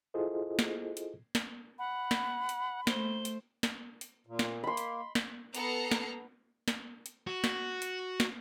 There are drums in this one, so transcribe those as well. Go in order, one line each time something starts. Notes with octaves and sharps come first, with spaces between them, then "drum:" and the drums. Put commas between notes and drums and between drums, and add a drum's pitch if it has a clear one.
E4 F4 G#4 A4 C5 D#5
drum: snare
drum: hi-hat
drum: snare
F#5 B5
drum: snare
drum: hi-hat
A3 C5 G7, drum: snare
drum: hi-hat
drum: snare
drum: hi-hat
A#2
drum: snare
A#3 B5 C6
drum: hi-hat
drum: snare
B3 A4 A#5 C7 C#7, drum: hi-hat
drum: snare
drum: snare
drum: hi-hat
F#4
drum: snare
drum: hi-hat
drum: snare